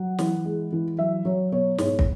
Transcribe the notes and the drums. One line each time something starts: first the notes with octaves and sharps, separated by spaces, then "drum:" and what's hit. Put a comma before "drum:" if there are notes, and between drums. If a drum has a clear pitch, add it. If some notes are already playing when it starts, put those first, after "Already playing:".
Already playing: F#3 F#5
E3, drum: snare
G#3
E3
F#3 E5
F#3 C#5
B2 C#5
G#2 C#5, drum: snare
drum: kick